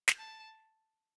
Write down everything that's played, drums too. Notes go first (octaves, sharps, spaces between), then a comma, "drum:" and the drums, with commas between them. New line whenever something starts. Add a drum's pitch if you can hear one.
drum: snare
A5